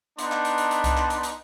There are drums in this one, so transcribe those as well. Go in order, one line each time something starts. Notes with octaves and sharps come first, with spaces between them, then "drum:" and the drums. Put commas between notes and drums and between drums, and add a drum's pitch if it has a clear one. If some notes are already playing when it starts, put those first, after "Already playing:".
B3 D4 D#4 C6, drum: hi-hat
drum: clap
drum: hi-hat
drum: hi-hat
drum: hi-hat
drum: kick C2, hi-hat
drum: clap
drum: hi-hat
drum: hi-hat